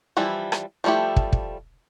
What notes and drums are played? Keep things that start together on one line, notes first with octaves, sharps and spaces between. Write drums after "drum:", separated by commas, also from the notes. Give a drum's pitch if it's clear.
E3 F3 G3 E4
drum: rim click
F3 G3 A3 E4 G4
drum: kick
drum: kick